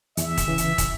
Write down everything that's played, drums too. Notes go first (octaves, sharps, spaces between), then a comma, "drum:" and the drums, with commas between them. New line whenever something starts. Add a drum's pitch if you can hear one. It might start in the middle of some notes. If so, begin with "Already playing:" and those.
E2 E5, drum: hi-hat
drum: kick, hi-hat
C#3 E3
drum: hi-hat
drum: kick, hi-hat